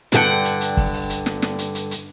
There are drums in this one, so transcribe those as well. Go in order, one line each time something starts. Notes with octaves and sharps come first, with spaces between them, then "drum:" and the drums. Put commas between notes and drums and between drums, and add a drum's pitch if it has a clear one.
G2 D3 F#4 G#4 F#5 G5, drum: snare
drum: hi-hat
drum: hi-hat
drum: kick, open hi-hat
drum: open hi-hat
drum: hi-hat
drum: snare
drum: snare
drum: hi-hat
drum: hi-hat
drum: hi-hat